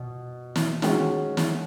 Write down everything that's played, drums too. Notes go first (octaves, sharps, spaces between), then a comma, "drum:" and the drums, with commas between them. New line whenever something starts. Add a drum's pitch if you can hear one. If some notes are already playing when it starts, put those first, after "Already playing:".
Already playing: B2
drum: snare
D#3 G#3 C#4 F#4, drum: snare
drum: snare